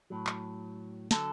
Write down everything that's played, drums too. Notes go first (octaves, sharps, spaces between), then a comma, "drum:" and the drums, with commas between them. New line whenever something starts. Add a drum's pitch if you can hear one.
A2 F#3
drum: clap
D3 F#3 A4, drum: snare